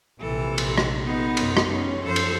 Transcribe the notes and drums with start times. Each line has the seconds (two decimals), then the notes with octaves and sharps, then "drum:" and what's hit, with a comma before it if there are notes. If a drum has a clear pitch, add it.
0.21 A#1 C3 E3 A4
0.58 drum: cymbal
0.78 drum: rim click
1.06 B3 D#4
1.37 F#2 C3, drum: cymbal
1.57 drum: rim click
1.68 C#4
2.04 F#2 F3 A4 C5
2.16 drum: cymbal